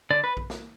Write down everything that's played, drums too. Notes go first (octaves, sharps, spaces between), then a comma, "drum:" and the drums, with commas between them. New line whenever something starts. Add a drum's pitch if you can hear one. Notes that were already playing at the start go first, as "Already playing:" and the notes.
D3 D5
B4
drum: kick A#1
drum: snare